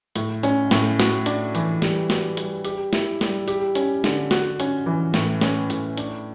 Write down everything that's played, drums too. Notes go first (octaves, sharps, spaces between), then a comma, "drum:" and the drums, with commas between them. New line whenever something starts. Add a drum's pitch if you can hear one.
A2, drum: hi-hat
C#4, drum: hi-hat
A2, drum: snare
F#4, drum: snare
D4, drum: hi-hat
E3, drum: hi-hat
G3, drum: snare
F#4, drum: snare
G3, drum: hi-hat
G4, drum: hi-hat
E4, drum: snare
G3, drum: snare
G4, drum: hi-hat
C#4, drum: hi-hat
D3, drum: snare
F#4, drum: snare
C#4, drum: hi-hat
E3
A2, drum: snare
C#4, drum: snare
A2, drum: hi-hat
D4, drum: hi-hat